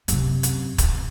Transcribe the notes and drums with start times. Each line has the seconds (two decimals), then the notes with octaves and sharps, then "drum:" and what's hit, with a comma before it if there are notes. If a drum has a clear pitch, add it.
0.08 F#2 C3, drum: hi-hat
0.43 drum: hi-hat
0.78 drum: kick, hi-hat